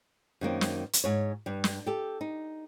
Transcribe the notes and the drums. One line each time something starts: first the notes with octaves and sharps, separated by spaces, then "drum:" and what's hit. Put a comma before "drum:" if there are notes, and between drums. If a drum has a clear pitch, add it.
F#2 D#3 A#3 C4
drum: snare
drum: hi-hat
G#2 C#5
G2 G3
drum: snare
G4 A4
D#4